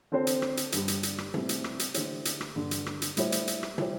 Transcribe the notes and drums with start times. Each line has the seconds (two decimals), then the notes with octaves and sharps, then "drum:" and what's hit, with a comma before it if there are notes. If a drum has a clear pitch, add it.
0.12 D3 C4 A4 C5
0.27 drum: hi-hat
0.42 drum: rim click
0.57 drum: hi-hat
0.72 G2 D3 G3, drum: hi-hat
0.88 drum: hi-hat
1.03 drum: hi-hat
1.18 drum: rim click
1.34 A2 G3 C4 E4, drum: tom
1.49 drum: hi-hat
1.64 drum: rim click
1.79 drum: hi-hat
1.94 D3 A3 E4 G4 C5, drum: hi-hat
2.25 drum: hi-hat
2.41 drum: rim click
2.55 G2 D3 G3
2.71 drum: hi-hat
2.86 drum: rim click
3.02 drum: hi-hat
3.17 A2 G3 E4 C5, drum: hi-hat
3.32 drum: hi-hat
3.47 drum: hi-hat
3.63 drum: rim click
3.78 G3 E4 G4 C5, drum: tom